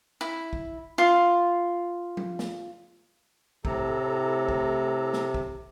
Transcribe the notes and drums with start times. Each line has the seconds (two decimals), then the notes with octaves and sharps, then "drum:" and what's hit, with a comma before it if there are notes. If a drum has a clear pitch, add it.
0.21 E4
0.53 drum: kick
0.98 F4
2.17 drum: tom F3
2.39 drum: snare
3.65 A2 C3 A4 A#5, drum: kick
4.49 drum: kick
5.13 drum: snare
5.34 drum: kick